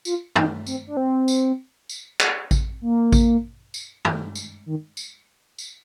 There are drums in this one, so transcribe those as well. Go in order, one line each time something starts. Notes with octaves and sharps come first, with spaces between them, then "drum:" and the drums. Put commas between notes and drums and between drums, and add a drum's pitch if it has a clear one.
F4, drum: tambourine
D#4, drum: tom
C4, drum: tambourine
D4
C4
drum: tambourine
drum: tambourine
drum: clap
drum: kick A1, tambourine
A#3
drum: kick A1, tambourine
drum: tambourine
drum: tom
drum: tambourine
D#3
drum: tambourine
drum: tambourine